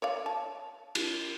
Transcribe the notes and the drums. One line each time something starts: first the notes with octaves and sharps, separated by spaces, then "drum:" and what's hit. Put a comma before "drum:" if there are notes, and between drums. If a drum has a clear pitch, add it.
C#5 D5 F5
A5
drum: cymbal